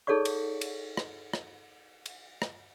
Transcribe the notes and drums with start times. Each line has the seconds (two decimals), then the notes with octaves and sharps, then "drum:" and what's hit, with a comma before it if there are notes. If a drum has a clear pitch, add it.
0.07 D#4 G#4 A4 C#5 D5 C#6
0.25 drum: cymbal
0.61 drum: cymbal
0.97 drum: rim click
1.33 drum: rim click
2.06 drum: cymbal
2.42 drum: rim click